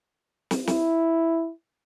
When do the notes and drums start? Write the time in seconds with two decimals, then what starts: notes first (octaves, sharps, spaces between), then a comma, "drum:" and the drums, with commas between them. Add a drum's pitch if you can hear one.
0.51 drum: snare
0.67 E4, drum: snare